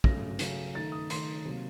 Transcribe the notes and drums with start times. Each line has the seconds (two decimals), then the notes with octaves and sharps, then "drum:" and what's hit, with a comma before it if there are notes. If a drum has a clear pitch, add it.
0.04 C#3 F#3 A3 C#4 A#6, drum: kick
0.39 C#3 F#3 A3 C#4, drum: hi-hat
0.75 D#3 A3 D#4 A6
0.92 D#6
1.10 D#3 A3 D#4 C6, drum: hi-hat
1.45 C3 F#3 A#3